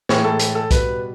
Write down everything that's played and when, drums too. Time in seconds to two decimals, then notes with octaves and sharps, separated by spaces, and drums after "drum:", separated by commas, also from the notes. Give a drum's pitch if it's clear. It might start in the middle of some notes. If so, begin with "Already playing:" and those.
0.09 A2 E3 G#3 C#5, drum: snare
0.24 A4
0.39 A4, drum: hi-hat
0.55 A4
0.71 B2 G3 B4, drum: kick, hi-hat